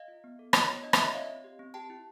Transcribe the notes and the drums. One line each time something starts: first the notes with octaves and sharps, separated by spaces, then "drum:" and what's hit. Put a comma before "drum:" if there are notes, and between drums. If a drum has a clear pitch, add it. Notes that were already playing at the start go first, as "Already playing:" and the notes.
Already playing: D#5 F5
F4
B3
A4
F4 C#5 D#5, drum: rim click
B3
D4 D#5
E5, drum: rim click
F4 C#5 D#5
C4 D#5 F5
C4
G4
C4
G4 G5 A5
E4